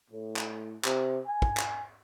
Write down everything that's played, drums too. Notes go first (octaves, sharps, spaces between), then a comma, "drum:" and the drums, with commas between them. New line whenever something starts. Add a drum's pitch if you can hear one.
A2
drum: clap
C3, drum: clap
G#5
drum: kick
drum: clap